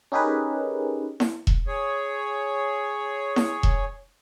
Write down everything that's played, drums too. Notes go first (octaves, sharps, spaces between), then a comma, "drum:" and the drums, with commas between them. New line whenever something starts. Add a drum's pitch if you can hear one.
C#4 D#4 G4 G#4 A#4 B4
drum: snare E4
drum: kick E1
G#4 C#5
drum: snare E4
drum: kick E1